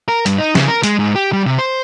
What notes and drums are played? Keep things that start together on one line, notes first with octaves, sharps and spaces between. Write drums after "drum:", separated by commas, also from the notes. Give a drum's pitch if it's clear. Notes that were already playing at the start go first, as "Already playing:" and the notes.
A#4
G2, drum: hi-hat
D#4
C#3, drum: snare
A#4
G#3, drum: hi-hat
G#2
G4
G3
C3
C5